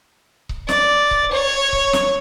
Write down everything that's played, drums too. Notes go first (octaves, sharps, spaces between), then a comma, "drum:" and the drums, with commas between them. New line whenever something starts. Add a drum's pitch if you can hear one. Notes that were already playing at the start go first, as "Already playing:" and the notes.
drum: kick C#1
D5, drum: snare
drum: kick C#1
C#5
drum: kick C#1
drum: snare